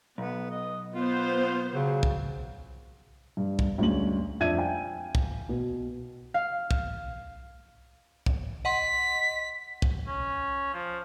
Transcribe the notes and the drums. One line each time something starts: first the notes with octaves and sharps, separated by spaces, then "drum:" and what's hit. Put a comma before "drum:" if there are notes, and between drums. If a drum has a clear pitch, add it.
B1 B3
D#5
B3 F4 C5
C#3 F#3
drum: kick
G2
drum: kick
D2 G2 G#3 C#4 F#7
F2 D4 E5 G#6 D#7
F5 G5 G#5
drum: kick
B2
F5
drum: kick
drum: kick
D#5 F#5 C6 B6
drum: kick
C#4
F3